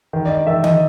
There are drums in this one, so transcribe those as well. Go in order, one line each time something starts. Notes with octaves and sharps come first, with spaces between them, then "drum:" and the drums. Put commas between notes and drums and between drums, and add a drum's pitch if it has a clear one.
D#3
D5
D#5
D#3 E5
D#5, drum: tom D#3